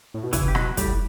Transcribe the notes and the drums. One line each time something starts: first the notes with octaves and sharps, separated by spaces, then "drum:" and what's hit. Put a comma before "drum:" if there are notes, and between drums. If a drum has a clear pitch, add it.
A2
B2
C#3 E3 E4, drum: kick, hi-hat
G4
B2 F#3 F#4, drum: rim click
A2 G3 G4, drum: kick, hi-hat